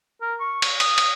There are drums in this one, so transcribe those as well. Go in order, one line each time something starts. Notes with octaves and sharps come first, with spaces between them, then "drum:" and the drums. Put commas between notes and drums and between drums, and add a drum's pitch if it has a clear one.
A#4
C#6
drum: cymbal
D#6, drum: cymbal
drum: cymbal